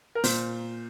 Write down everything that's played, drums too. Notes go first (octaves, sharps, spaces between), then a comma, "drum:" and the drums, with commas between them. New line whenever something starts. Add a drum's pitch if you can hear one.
A#4
A#2 C5, drum: open hi-hat